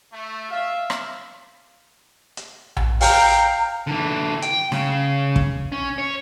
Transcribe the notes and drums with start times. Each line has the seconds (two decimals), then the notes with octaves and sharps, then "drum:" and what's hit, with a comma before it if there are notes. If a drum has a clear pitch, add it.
0.13 A3
0.50 E5 F5
0.90 drum: rim click
2.37 drum: hi-hat
2.76 drum: tom A#1
3.01 F5 G5 A#5, drum: open hi-hat
3.87 D3 E3
4.42 G5, drum: hi-hat
4.72 C#3, drum: snare
5.36 drum: kick
5.72 C#4
5.98 C#5